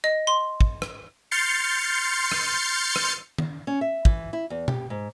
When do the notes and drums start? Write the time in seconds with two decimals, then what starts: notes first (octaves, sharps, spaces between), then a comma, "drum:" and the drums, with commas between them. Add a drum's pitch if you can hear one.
0.04 D#5
0.27 C6
0.61 drum: kick
0.82 drum: rim click
1.31 C6 F6 G6 A6 C7 C#7
2.32 drum: rim click
2.96 drum: rim click
3.38 drum: tom D#3
3.67 C#4
3.81 E5
4.05 E3, drum: kick
4.33 E4
4.50 E2
4.68 G4, drum: tom B2
4.90 G#2